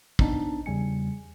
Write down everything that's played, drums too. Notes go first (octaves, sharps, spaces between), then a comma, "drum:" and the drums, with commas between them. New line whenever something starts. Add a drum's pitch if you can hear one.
B3 C4 D4 D#4 A5, drum: kick
E2 C#3 G3 G#5 C#7